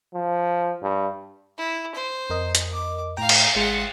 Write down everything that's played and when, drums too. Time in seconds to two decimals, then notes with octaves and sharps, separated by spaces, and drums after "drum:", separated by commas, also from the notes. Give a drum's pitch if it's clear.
0.14 F3
0.82 G2
1.58 E4
1.95 C5
2.30 F2 A#4 D#5
2.55 drum: hi-hat
2.73 D6
3.17 A2 F5 G5 A#5
3.29 drum: cymbal
3.55 G#1 G#3 F4 F#5 C#7